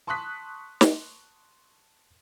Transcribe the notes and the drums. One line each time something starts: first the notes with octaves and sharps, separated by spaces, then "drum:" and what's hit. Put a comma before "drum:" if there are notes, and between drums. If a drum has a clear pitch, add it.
A5 C6 C#6 D#6 F#6 B6
drum: snare